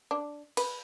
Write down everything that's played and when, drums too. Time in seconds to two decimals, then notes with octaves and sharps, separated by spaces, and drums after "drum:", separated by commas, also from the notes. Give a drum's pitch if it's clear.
0.11 D4
0.57 B4, drum: cymbal